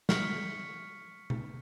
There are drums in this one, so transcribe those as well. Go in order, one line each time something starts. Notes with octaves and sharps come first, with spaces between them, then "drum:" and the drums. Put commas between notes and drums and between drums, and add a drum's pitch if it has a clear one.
C#6 F6 B6 C#7, drum: snare
drum: tom C3